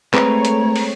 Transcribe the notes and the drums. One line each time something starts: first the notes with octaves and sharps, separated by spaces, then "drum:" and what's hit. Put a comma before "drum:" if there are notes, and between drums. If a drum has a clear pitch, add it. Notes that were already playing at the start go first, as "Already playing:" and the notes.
G#3 A3 C4 B4 C#5 A#5, drum: clap
drum: hi-hat
drum: open hi-hat